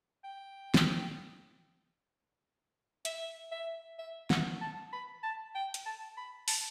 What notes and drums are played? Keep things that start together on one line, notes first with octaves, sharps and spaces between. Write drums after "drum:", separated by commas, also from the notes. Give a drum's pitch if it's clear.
G5
drum: snare
E5, drum: hi-hat
E5
E5
F#5, drum: snare
A5
B5
A5
G5
drum: hi-hat
A5
B5
A5, drum: open hi-hat